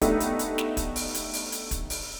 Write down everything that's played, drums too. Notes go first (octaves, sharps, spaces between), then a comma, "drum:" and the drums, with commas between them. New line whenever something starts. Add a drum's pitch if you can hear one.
A3 B3 D4 D#4 G4 A4, drum: kick, hi-hat
drum: hi-hat
drum: hi-hat
drum: snare
drum: kick, hi-hat
drum: open hi-hat
drum: hi-hat
drum: open hi-hat
drum: hi-hat
drum: kick, hi-hat
drum: open hi-hat